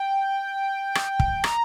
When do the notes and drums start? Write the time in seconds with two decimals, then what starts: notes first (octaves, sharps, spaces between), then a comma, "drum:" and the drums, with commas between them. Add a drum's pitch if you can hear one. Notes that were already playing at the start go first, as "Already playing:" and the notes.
Already playing: G5
0.95 drum: rim click
1.20 drum: kick
1.44 A#5, drum: rim click